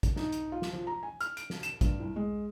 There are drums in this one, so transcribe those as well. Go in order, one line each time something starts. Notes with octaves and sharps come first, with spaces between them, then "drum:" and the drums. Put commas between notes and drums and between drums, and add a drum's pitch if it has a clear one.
drum: kick, hi-hat
D#4, drum: snare
drum: hi-hat
F4
drum: snare
F3
A#5
G#5
F6, drum: hi-hat
D7, drum: hi-hat
drum: snare
E7, drum: hi-hat
G2, drum: kick, hi-hat
C2
G#3